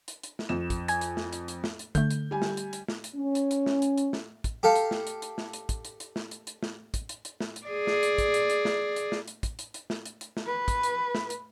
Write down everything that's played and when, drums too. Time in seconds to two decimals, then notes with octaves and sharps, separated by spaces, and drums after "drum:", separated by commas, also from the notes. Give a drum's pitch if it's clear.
0.08 drum: hi-hat
0.23 drum: hi-hat
0.39 drum: snare
0.49 F2 E7
0.70 drum: kick, hi-hat
0.88 G#5 G#6, drum: hi-hat
1.01 drum: hi-hat
1.17 drum: snare
1.33 drum: hi-hat
1.48 drum: hi-hat
1.64 drum: snare
1.79 drum: hi-hat
1.95 D3 A3 G6, drum: kick, hi-hat
2.11 drum: hi-hat
2.31 G3 G#5
2.42 drum: snare
2.57 drum: hi-hat
2.73 drum: hi-hat
2.88 drum: snare
3.04 drum: hi-hat
3.16 C#4
3.35 drum: hi-hat
3.51 drum: hi-hat
3.66 drum: snare
3.82 drum: hi-hat
3.98 drum: hi-hat
4.13 drum: snare
4.44 drum: kick, hi-hat
4.63 G4 A4 F5
4.76 drum: hi-hat
4.91 drum: snare
5.07 drum: hi-hat
5.22 drum: hi-hat
5.38 drum: snare
5.53 drum: hi-hat
5.69 drum: kick, hi-hat
5.85 drum: hi-hat
6.00 drum: hi-hat
6.16 drum: snare
6.31 drum: hi-hat
6.47 drum: hi-hat
6.63 drum: snare
6.94 drum: kick, hi-hat
7.09 drum: hi-hat
7.25 drum: hi-hat
7.40 drum: snare
7.56 drum: hi-hat
7.67 G#4 D5
7.87 drum: snare
8.03 drum: hi-hat
8.18 drum: kick, hi-hat
8.34 drum: hi-hat
8.50 drum: hi-hat
8.65 drum: snare
8.96 drum: hi-hat
9.12 drum: snare
9.28 drum: hi-hat
9.43 drum: kick, hi-hat
9.59 drum: hi-hat
9.74 drum: hi-hat
9.90 drum: snare
10.05 drum: hi-hat
10.21 drum: hi-hat
10.37 drum: snare
10.46 B4
10.68 drum: kick, hi-hat
10.83 drum: hi-hat
11.15 drum: snare
11.30 drum: hi-hat